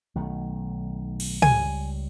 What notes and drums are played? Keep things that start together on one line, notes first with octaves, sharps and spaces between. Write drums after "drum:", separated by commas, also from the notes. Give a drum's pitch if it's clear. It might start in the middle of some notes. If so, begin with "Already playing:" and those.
B1 D#3 A3
drum: cymbal
C#2 G3 G#5, drum: tom